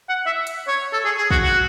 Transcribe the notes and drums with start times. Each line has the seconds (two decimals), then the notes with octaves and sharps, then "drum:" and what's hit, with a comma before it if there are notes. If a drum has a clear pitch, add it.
0.09 F#5
0.26 E5
0.47 drum: hi-hat
0.68 C#5
0.93 A4
1.05 G#4
1.18 G#4
1.31 F#4, drum: kick
1.43 F#4